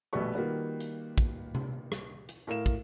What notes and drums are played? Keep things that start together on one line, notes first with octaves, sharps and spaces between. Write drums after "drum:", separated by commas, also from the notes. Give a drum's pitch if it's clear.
A#1 B2 G3 A3 B4 C#6
D#3 G3 A#3 F4 F#4 B4
drum: hi-hat
drum: kick, hi-hat
drum: tom C3
drum: rim click
drum: hi-hat
A2 A#4 F5 E7
drum: kick, hi-hat